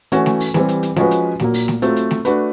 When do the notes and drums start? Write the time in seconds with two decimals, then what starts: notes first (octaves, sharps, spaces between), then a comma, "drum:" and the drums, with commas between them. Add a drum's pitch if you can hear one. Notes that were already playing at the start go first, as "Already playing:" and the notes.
0.12 E3 A3 C#4 F#4, drum: hi-hat
0.26 drum: snare A3
0.40 drum: open hi-hat
0.54 E3 G3 C4, drum: snare A3
0.69 drum: hi-hat
0.83 drum: hi-hat
0.96 F3 G#3 C#4 F#4 B4, drum: snare A3
1.11 drum: hi-hat
1.40 A#2 F#3 A#3, drum: snare A3
1.54 drum: open hi-hat
1.68 drum: snare A3
1.82 F#3 A3 C4 F4, drum: hi-hat
1.96 drum: hi-hat
2.11 drum: snare A3
2.25 A3 D4 F#4 B4, drum: hi-hat